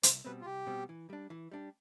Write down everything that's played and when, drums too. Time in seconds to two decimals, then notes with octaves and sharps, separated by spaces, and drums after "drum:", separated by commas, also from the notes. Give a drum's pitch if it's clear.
0.03 C2 C5, drum: hi-hat
0.25 B2 G3 C4 B4
0.41 F4
0.46 C2 G4
0.67 B2 G3 C4
0.89 E3
1.10 G3 D4
1.30 E3
1.52 G3 D4